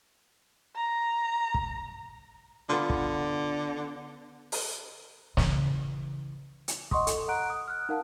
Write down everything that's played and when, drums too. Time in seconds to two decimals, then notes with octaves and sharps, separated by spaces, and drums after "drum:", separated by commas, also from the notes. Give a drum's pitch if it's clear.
0.75 A#5
1.54 drum: kick
2.69 D3 B3 F4
2.90 drum: kick
4.52 drum: open hi-hat
5.37 C#3 E3, drum: snare
6.68 drum: hi-hat
6.91 D#5 F#5 C6 C#6 D#6, drum: kick
7.07 A4, drum: hi-hat
7.28 F#5 A#5 F#6 D7
7.50 D#6
7.68 F6 F#6
7.89 D#4 A#4 F5 F#5 A5